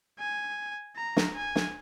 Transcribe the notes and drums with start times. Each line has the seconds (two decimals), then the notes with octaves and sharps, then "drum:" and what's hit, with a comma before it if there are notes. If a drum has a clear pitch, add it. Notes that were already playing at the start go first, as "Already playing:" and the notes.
0.19 G#5
0.97 A#5
1.17 drum: snare
1.36 G#5
1.56 drum: snare